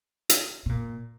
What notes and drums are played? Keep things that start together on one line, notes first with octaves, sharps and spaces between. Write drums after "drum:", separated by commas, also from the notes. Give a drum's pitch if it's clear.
drum: hi-hat
C3
A#2